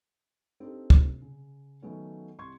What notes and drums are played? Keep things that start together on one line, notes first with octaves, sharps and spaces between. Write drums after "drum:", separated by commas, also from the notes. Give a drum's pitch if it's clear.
C4 D4 D#4 G4 A4
drum: kick
C#3
D#3 F#3 A3 B3 C#4
C2 C6 C#6 G#6